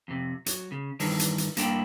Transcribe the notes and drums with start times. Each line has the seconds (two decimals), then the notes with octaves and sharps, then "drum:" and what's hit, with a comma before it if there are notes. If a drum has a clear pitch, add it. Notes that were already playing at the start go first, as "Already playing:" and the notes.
0.08 F2 C3
0.46 F#3, drum: hi-hat
0.72 C#3
1.00 G2 D#3 E3 D4, drum: open hi-hat
1.20 drum: hi-hat
1.38 drum: hi-hat
1.57 G2 A#3 D4 E4 G5, drum: hi-hat